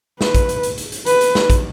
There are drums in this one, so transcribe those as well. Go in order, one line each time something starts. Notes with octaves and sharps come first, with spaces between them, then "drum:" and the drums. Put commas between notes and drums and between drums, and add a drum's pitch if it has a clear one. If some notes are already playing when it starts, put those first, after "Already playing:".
B4, drum: snare
drum: kick, hi-hat
drum: hi-hat
drum: hi-hat
drum: hi-hat
drum: hi-hat
B4, drum: hi-hat
drum: hi-hat
drum: snare
drum: kick, hi-hat